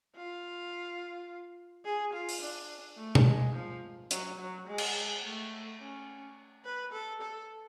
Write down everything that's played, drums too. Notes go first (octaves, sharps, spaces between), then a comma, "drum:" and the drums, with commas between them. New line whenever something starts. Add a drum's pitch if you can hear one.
F4
G#4
F4
drum: open hi-hat
D4
A3
drum: tom B2
G#3
F3
F#3, drum: hi-hat
F#3
G#3
drum: cymbal
A3
C#4
B4
A4
A4